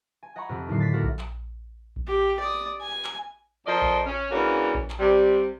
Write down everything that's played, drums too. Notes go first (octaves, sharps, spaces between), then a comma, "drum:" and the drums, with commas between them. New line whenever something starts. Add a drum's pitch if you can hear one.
G#5
D#5 F#5 G#5 A#5 B5 C#6
F2 C3
D#2 A2 D3 F#3 E5 C7
A6 B6
A#3 F#4 A4 A#4
drum: kick A#1
drum: clap
drum: kick A#1
G4
D5 D#6
G#5
drum: clap
F2 F3 A#4 D5 D#5
drum: kick A#1
C#4
C#3 E3 A#3 C#4 D4 F#4
drum: kick A#1
drum: clap
C3 G3